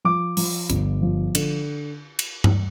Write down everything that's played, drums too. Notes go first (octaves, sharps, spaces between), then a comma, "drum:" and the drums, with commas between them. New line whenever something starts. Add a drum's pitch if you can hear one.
F3 D6
F3, drum: open hi-hat
G1, drum: hi-hat
F3
D3, drum: cymbal
drum: cymbal
drum: tom G2